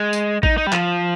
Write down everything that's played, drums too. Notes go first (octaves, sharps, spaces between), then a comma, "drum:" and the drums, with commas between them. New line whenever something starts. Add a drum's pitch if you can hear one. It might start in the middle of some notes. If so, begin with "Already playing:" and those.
Already playing: G#3
drum: tambourine
D#4, drum: kick A1
D#4
G3
F3, drum: clap